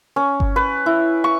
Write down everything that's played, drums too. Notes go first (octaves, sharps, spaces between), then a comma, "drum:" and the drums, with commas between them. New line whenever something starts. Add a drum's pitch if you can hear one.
C#4
drum: kick G1
B4
E4
C#6